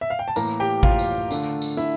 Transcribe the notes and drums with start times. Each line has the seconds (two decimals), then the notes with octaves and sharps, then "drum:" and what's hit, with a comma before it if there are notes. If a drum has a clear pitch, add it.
0.01 E5
0.10 F5
0.19 G5
0.28 A5
0.36 A2 E3 A#3 A#4 A#5, drum: tambourine
0.60 G4 G5
0.83 F4 F5, drum: kick A1
0.99 drum: tambourine
1.31 D3 A3 D4, drum: tambourine
1.62 drum: tambourine
1.77 E4 E5